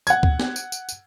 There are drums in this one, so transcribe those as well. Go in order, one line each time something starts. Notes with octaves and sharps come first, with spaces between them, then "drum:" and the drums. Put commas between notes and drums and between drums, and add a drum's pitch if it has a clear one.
F#5 G#6, drum: tambourine
drum: kick
drum: snare
drum: tambourine
drum: tambourine
drum: tambourine